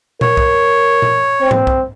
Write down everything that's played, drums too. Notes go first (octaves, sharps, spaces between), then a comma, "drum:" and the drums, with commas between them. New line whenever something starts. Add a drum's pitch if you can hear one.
A#4 C#5, drum: tom A#2
drum: kick B1
drum: tom A#2
C4
drum: tom G#2
drum: kick B1